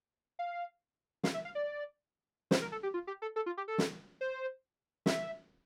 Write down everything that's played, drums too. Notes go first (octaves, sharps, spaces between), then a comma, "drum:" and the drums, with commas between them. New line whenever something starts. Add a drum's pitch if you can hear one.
F5
F5, drum: snare
E5
F5
D5
C5, drum: snare
A#4
A4
G4
F4
G4
A4
A4
F4
G4
A4
drum: snare
C5
E5, drum: snare